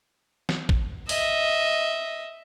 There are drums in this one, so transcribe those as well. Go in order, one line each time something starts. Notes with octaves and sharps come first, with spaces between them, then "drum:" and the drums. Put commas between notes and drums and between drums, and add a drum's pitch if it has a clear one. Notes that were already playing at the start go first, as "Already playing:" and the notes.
drum: snare
drum: kick
D#5 E5, drum: open hi-hat